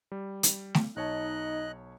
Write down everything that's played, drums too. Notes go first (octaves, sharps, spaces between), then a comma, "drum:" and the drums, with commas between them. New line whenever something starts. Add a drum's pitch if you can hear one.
G3
drum: hi-hat
drum: snare A3
B1 D#4 C#5 D#5 A5 F#6